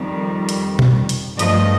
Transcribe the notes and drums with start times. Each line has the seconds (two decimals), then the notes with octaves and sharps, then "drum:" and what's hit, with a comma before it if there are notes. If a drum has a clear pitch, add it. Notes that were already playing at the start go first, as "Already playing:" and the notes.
Already playing: F2 D#3 G3
0.49 drum: hi-hat
0.79 drum: tom B2
1.09 drum: hi-hat
1.39 G2 F3 A3 D#5, drum: hi-hat